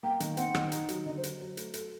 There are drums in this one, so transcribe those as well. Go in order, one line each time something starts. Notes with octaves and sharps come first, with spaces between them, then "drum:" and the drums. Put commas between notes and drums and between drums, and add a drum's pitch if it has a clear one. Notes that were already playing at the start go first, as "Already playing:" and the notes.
A#3 G5
D#3, drum: hi-hat
C4 F#5, drum: hi-hat
D#3, drum: rim click
D#4, drum: hi-hat
F#3, drum: hi-hat
D3 D#5
C5
F#3, drum: hi-hat
F#3
A3, drum: hi-hat
A4, drum: hi-hat